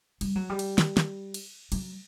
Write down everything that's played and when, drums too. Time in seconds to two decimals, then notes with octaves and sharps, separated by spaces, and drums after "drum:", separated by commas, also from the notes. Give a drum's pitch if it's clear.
0.21 G3, drum: cymbal
0.35 F#3
0.50 G3
0.59 drum: cymbal
0.78 drum: snare
0.97 drum: snare
1.34 drum: cymbal
1.72 F#3, drum: cymbal